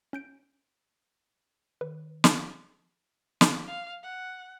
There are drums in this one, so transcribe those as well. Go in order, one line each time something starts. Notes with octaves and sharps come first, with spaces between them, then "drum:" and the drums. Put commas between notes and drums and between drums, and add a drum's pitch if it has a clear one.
C#4 G6 D7
D#3 B4
drum: snare
drum: snare
F5
F#5